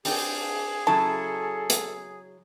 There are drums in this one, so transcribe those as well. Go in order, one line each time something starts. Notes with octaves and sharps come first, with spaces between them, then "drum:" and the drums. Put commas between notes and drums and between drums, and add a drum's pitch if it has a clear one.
C4 D4 G4 G#4, drum: open hi-hat
C#3 F#3 E4 A4 A5
drum: hi-hat